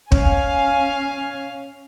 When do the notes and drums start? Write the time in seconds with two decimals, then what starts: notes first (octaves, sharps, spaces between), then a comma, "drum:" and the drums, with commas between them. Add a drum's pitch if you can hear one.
0.12 C#4 F5 G#5, drum: kick